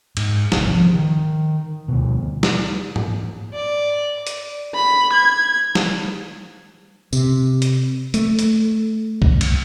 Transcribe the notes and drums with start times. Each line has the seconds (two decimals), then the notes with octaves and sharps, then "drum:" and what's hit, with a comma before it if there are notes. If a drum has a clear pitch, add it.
0.17 G#2, drum: cymbal
0.52 D1 G1 C2, drum: snare
0.68 F3
0.94 D#3
1.88 D2 B2
2.43 drum: snare
2.96 drum: tom G#2
3.54 D5
4.27 drum: hi-hat
4.75 B5
5.13 G#6
5.75 drum: snare
7.13 C3, drum: tambourine
7.62 drum: hi-hat
8.14 A3, drum: hi-hat
8.39 drum: hi-hat
9.22 drum: kick C2
9.41 drum: cymbal